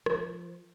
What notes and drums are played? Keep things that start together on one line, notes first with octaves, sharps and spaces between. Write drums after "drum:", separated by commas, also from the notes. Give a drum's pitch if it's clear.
F3, drum: rim click